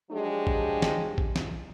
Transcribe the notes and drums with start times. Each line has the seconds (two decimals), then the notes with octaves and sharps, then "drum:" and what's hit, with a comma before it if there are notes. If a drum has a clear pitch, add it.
0.11 F3 F#3 G#3 D4 G4
0.47 drum: kick A1
0.82 drum: snare
1.18 drum: kick A1
1.36 drum: snare